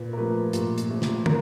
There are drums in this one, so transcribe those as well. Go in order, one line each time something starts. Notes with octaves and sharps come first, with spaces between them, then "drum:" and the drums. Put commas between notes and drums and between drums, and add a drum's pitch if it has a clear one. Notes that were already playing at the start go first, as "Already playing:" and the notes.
Already playing: A#2 B4
A#4
F3 A3 B4
A#2, drum: hi-hat
drum: hi-hat
F3 A3
drum: snare
A#4, drum: tom